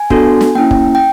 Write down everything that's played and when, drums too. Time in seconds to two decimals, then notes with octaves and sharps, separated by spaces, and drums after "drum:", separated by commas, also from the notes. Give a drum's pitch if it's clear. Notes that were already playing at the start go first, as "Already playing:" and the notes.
Already playing: G#5
0.10 B3 D4 F#4 A4, drum: kick
0.41 drum: snare
0.55 A#3 C#4 E4 G5
0.71 drum: kick
0.95 G5